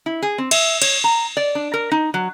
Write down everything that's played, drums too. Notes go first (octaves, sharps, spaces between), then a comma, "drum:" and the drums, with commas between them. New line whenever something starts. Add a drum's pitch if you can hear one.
E4
G#4
C4
E5, drum: cymbal
C#5, drum: cymbal
A#5
D5
D4
A#4
D#4
F#3